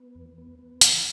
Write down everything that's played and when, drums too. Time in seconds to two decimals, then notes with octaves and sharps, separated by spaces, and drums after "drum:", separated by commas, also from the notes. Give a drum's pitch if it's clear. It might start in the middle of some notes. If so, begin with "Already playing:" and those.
Already playing: B3
0.15 E2
0.38 B3
0.59 B3
0.81 E3, drum: hi-hat